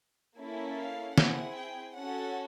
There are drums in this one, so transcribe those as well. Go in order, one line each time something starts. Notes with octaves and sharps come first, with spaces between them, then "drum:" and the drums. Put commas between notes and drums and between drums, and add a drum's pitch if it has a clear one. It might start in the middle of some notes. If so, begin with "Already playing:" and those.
A#3 C#4 E4 A4
F5
C4 E4 G#4 F#5, drum: snare
G5
C#4 F#4 A4 F#5